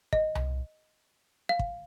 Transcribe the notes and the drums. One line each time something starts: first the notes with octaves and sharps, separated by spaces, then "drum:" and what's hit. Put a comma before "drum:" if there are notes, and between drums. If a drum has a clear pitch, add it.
D#5, drum: kick
drum: tom C2
F5
drum: kick